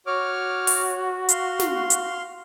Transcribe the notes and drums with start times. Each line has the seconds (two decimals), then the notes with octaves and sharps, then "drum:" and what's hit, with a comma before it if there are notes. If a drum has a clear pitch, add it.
0.07 F#4 C#5 D6 F6
0.67 drum: open hi-hat
1.29 F5 C6, drum: hi-hat
1.60 drum: snare
1.90 drum: hi-hat